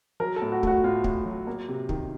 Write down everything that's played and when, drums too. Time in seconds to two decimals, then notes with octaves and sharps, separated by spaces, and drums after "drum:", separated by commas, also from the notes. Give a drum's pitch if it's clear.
0.20 F#3 A#4
0.36 A4
0.42 A2
0.52 F#4
0.63 A3 F#4, drum: kick
0.84 A2 F4
1.04 A2, drum: kick
1.25 F#3
1.47 A#3
1.68 C3
1.89 D#3, drum: kick